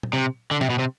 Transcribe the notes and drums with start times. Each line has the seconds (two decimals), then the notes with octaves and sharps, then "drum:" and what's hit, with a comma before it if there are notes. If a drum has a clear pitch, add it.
0.03 drum: tom A#2
0.13 C3
0.51 D3
0.61 C3, drum: snare
0.70 B2
0.79 C3